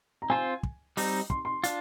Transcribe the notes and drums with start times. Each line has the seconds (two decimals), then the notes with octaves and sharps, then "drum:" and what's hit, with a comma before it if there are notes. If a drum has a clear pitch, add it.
0.22 A#5
0.30 C4 F4 C5 G#5
0.63 drum: kick
0.97 G3 C4 D#4, drum: open hi-hat
1.30 C6, drum: kick
1.45 C6
1.64 D4 F4, drum: hi-hat